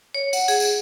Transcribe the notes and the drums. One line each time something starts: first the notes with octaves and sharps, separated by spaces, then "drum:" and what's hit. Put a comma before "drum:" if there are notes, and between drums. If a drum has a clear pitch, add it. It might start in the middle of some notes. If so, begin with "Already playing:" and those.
C#5
F#5, drum: tambourine
G#4, drum: tambourine
drum: tambourine